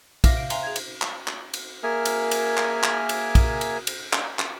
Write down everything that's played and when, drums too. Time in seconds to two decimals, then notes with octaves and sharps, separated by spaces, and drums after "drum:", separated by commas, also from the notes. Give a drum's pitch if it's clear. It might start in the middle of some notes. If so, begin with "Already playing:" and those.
0.24 E5 F5 D6 F6 A#6, drum: kick, cymbal
0.37 F5 D7
0.50 E5 F5 G#5 A#5 C6, drum: cymbal
0.63 G#4 G#6
0.76 drum: cymbal
1.02 drum: clap
1.28 drum: clap
1.54 drum: cymbal
1.83 A#3 G#4 A#4 E5 G#5 F6
2.05 drum: cymbal
2.31 drum: cymbal
2.57 drum: clap
2.83 drum: clap
3.09 drum: cymbal
3.35 drum: kick, cymbal
3.61 drum: cymbal
3.87 drum: cymbal
4.13 drum: clap
4.39 drum: clap